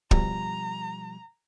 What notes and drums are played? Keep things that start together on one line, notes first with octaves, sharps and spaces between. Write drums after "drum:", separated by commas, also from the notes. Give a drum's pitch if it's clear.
B2 F3 G3 A#5, drum: kick